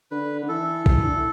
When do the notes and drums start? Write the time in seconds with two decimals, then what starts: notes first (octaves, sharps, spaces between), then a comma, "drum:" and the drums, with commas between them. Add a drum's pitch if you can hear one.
0.11 D3 B4
0.43 D3
0.48 E3 A4
0.86 E3, drum: kick
1.05 D3
1.16 E3